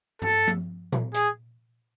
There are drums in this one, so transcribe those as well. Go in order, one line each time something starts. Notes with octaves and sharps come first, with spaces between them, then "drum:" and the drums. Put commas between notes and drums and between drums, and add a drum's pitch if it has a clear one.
A4, drum: tom G2
drum: tom F3
drum: tom A#2
G#4, drum: hi-hat